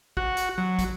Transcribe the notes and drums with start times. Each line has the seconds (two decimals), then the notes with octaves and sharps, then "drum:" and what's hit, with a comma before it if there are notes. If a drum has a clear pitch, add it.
0.17 F#4, drum: kick
0.37 drum: hi-hat
0.58 F#3
0.79 drum: kick, hi-hat